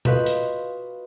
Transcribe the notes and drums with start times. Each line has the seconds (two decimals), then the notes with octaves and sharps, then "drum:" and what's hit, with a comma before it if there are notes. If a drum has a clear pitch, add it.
0.05 F4 F#4 B4 C5 D#5 F5, drum: tom B2
0.26 drum: hi-hat